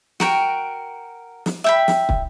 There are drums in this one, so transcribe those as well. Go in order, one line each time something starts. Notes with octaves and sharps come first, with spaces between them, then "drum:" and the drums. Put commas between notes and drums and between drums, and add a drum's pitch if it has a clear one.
F#4 A#4 G5, drum: snare
drum: snare
E5 G5 B5
drum: snare
drum: kick